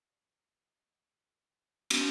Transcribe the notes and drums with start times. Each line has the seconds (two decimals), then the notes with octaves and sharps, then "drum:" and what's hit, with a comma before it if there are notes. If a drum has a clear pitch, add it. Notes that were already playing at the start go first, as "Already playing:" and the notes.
Already playing: C#5
0.09 D5
0.67 D#5
0.86 D#5
1.05 F5
1.90 drum: cymbal